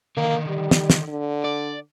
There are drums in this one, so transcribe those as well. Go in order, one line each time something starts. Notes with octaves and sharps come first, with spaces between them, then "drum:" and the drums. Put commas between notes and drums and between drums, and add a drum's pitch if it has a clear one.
D3 D#3 A#3
G3
drum: snare
drum: snare
D3
D5